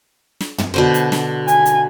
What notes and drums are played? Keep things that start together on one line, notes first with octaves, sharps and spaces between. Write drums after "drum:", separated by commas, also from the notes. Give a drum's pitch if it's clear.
drum: snare
drum: tom
B2 D3 C5
drum: hi-hat
drum: snare
G#5, drum: hi-hat
drum: hi-hat